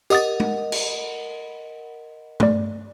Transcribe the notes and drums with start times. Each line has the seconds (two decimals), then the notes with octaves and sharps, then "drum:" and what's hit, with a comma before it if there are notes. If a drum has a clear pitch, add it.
0.10 G4 A#4 D#5 F#5 D#6 A6, drum: tambourine
0.40 drum: tom
0.72 drum: cymbal
2.40 A3 D5, drum: tom G2